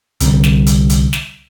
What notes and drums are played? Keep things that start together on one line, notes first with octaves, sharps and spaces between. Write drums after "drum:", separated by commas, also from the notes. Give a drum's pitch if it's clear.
C2 D3 G3, drum: hi-hat
drum: snare
drum: hi-hat
drum: hi-hat
drum: snare